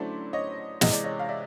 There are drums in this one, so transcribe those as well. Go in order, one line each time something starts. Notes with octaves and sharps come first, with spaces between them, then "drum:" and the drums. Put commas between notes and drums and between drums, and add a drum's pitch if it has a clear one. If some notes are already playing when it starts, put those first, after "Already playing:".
Already playing: D3 F#3 A3 C#4 E4 C5 D5
C#5 D#5
C3 E3 G#3 D#5, drum: snare
D5
C#5 D#5
F5
D5 E5